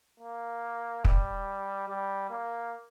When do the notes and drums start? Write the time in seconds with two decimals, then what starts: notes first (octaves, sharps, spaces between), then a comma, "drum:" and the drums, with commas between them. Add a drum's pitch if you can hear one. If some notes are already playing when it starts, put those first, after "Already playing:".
0.20 A#3
1.05 G3, drum: kick
1.88 G3
2.30 A#3